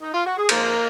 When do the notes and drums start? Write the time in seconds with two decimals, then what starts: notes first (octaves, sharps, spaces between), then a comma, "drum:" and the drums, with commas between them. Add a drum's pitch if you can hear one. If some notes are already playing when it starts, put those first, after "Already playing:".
0.02 D#4
0.14 F4
0.26 F#4
0.38 G#4
0.49 G#2 F3 G#3 A#3 C4 A#4, drum: cymbal